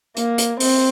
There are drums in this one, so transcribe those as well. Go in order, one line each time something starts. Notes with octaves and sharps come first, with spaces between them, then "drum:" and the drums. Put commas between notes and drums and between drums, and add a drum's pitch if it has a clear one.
A#3, drum: hi-hat
drum: hi-hat
C4, drum: open hi-hat